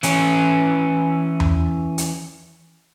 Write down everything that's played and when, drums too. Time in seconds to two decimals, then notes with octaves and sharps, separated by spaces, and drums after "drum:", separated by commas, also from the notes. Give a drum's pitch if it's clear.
0.03 E3 C#4, drum: hi-hat
1.40 drum: tom E2
1.98 drum: hi-hat